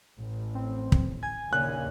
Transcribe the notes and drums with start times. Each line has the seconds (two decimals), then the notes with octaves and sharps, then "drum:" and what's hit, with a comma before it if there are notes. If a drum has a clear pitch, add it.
0.21 A1
0.55 C4
0.92 drum: kick
1.23 G#5 G#6
1.53 A#1 D#2 C#3 F#6